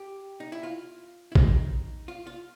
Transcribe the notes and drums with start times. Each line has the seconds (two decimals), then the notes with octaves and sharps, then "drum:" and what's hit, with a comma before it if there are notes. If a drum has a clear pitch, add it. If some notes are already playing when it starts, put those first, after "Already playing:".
Already playing: G4
0.40 D#4
0.52 E4
0.63 F4
1.32 E4
1.35 D#4, drum: kick A1
2.08 F4
2.27 F4